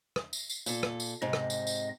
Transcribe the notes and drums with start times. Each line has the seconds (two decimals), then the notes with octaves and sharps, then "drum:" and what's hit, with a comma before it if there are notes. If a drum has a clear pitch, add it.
0.16 drum: rim click
0.33 drum: tambourine
0.50 drum: tambourine
0.66 A#2 A4, drum: tambourine
0.83 drum: rim click
1.00 drum: tambourine
1.22 G#2 C3 D#5
1.33 drum: rim click
1.50 drum: tambourine
1.67 drum: tambourine